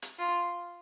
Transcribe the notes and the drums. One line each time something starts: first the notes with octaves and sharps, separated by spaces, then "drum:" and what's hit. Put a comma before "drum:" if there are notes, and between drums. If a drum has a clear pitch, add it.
drum: hi-hat
F4